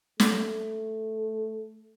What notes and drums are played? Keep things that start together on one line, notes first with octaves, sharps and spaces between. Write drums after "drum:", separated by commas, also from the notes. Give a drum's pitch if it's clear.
A3, drum: snare